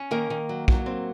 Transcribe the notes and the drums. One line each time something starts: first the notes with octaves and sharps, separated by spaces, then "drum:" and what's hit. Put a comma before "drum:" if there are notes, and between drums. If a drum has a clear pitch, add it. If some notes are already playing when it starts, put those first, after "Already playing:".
Already playing: C#4
D#3 A#3 A#4
D#3
F#3
F#3, drum: kick
C4